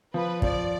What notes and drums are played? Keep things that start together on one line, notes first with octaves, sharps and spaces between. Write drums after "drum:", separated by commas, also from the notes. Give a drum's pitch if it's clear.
F3 B4
F3 D5, drum: kick